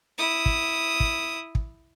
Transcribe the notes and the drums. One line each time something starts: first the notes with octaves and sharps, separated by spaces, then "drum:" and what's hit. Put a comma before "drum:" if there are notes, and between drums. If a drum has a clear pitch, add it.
E4 D#6
drum: kick
drum: kick
drum: kick